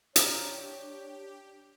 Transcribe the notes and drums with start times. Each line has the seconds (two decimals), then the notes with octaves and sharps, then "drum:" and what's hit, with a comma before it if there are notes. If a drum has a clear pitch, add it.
0.16 D4 G4 C#5 F5 A#5, drum: hi-hat